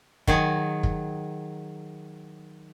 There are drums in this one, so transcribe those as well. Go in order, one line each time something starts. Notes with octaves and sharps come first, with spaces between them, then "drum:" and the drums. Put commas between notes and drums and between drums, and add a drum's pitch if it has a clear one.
D#3 F#3 G#4, drum: kick
drum: kick